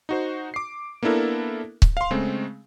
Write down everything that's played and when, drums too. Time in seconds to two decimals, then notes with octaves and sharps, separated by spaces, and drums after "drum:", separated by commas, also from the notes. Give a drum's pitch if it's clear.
0.09 D#4 F#4 C5
0.54 D6 C7
1.03 A#3 B3 D4 E4 A4 A#4
1.82 drum: kick C#1
1.97 F5 C6
2.11 C#3 G#3 A3 C4